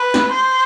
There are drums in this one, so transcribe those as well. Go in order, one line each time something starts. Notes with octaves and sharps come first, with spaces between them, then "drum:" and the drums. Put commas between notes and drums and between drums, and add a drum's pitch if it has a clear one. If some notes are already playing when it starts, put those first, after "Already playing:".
Already playing: B4
drum: snare
C5